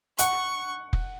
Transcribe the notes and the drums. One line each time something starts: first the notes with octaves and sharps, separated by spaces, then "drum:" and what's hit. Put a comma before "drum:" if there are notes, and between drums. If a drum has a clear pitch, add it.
F#5 C#6, drum: hi-hat
drum: kick F1